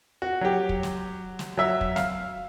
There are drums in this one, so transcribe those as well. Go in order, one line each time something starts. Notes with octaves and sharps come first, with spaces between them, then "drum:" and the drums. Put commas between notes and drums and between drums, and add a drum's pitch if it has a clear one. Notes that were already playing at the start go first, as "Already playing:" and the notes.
F#4
F#3 G4
drum: kick
drum: snare
drum: snare
F#3 E5 E6
drum: kick
F5, drum: snare